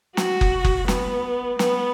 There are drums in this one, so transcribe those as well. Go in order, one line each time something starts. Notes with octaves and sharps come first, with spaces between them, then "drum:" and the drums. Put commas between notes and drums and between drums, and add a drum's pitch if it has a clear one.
F#4, drum: snare
drum: kick F#1
drum: kick F#1
B3, drum: snare
B3, drum: snare